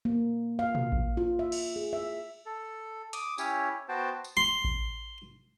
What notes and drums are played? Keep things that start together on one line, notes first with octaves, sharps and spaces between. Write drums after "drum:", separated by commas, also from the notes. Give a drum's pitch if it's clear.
A#3
F5
drum: tom
drum: kick A1
F4
E5
drum: cymbal
G#4
E5
A4
D6 D#6, drum: hi-hat
C#4 E4 G4 C#5, drum: tambourine
B3 F#4 C5 G5 A5
drum: tambourine
C6
drum: kick A1